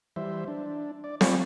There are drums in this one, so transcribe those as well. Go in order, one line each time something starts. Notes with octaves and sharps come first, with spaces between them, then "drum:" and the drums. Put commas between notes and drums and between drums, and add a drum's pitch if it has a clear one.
E3 G3 C5 E5
D4
D5
F4 A4 D5 B5 C#6, drum: snare C4